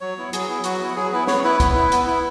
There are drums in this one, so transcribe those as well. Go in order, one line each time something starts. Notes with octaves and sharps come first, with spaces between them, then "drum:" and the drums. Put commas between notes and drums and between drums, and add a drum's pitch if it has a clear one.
F#3 C#5
B3 E4
F#3 G#4, drum: hi-hat
B3 E4
F#3 F#4, drum: hi-hat
B3 E4
F#3 G#4
B3 E4 B4
B3 C#5, drum: snare
E4 B4
B3, drum: kick, hi-hat
E4
B3, drum: hi-hat
E4